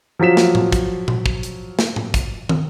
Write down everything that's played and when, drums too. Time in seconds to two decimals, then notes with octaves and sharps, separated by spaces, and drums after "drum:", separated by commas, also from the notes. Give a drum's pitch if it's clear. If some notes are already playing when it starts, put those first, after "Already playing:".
0.19 F3 F#3 F4 B6 E7
0.37 drum: snare
0.55 drum: tom A2
0.72 drum: kick, hi-hat
1.08 drum: tom A#2
1.26 drum: kick
1.43 drum: hi-hat
1.79 drum: snare
1.96 drum: tom A2
2.14 drum: kick, hi-hat
2.49 drum: tom